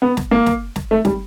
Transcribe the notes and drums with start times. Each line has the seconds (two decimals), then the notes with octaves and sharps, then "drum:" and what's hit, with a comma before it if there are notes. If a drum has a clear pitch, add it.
0.02 B3
0.17 drum: snare
0.31 A#3
0.46 drum: snare
0.76 drum: snare
0.91 A3
1.05 G3, drum: snare